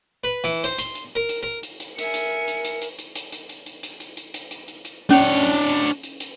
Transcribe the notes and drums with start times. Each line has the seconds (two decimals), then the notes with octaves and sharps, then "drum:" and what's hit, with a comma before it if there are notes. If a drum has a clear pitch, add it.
0.24 B4
0.44 E3, drum: hi-hat
0.64 C5, drum: hi-hat
0.78 C6, drum: hi-hat
0.95 drum: hi-hat
1.15 A#4
1.29 drum: hi-hat
1.43 A#4
1.63 drum: hi-hat
1.80 drum: hi-hat
1.98 A#4 E5 G#5 C#7, drum: hi-hat
2.14 drum: hi-hat
2.48 drum: hi-hat
2.65 drum: hi-hat
2.82 drum: hi-hat
2.99 drum: hi-hat
3.15 drum: hi-hat
3.32 drum: hi-hat
3.49 drum: hi-hat
3.66 drum: hi-hat
3.83 drum: hi-hat
4.00 drum: hi-hat
4.17 drum: hi-hat
4.34 drum: hi-hat
4.51 drum: hi-hat
4.68 drum: hi-hat
4.85 drum: hi-hat
5.10 C#4 D4 C#5
5.36 drum: hi-hat
5.53 drum: hi-hat
5.70 drum: hi-hat
5.86 drum: hi-hat
6.03 drum: hi-hat
6.20 drum: hi-hat